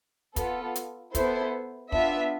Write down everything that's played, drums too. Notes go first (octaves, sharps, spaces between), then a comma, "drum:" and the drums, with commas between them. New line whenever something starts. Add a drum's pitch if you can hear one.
B3 F4 A4, drum: kick, hi-hat
drum: hi-hat
B3 E4 A4 C5, drum: kick, hi-hat
B3 D4 F4 E5, drum: kick